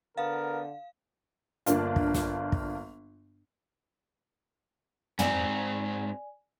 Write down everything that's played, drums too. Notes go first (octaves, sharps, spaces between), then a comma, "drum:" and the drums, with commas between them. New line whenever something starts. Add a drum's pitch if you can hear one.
D3 B3 A#4 F5 A6
G1 A#3 D4 F4, drum: hi-hat
drum: kick
drum: snare
drum: kick
G#2 C4 D5 G#5, drum: tom